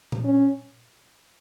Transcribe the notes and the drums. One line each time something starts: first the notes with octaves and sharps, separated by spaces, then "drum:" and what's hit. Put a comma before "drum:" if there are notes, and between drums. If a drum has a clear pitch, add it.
drum: tom A#2
C#4